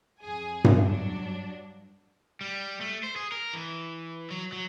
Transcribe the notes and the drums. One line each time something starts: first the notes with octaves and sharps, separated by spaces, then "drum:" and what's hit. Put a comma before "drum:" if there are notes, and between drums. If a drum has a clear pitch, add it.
F2 G#4 G#5
drum: tom G2
G2 F#3 D4
G3
A3
C5
G#4
A#4
E3
F#3
F#3